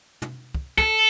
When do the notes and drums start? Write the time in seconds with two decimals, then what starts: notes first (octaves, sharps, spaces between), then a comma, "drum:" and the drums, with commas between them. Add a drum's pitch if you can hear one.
0.22 drum: tom
0.55 drum: kick
0.78 A4, drum: kick